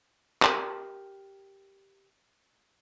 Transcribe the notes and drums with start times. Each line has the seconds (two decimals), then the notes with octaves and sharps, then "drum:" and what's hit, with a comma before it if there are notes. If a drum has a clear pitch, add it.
0.42 G4 A#4, drum: clap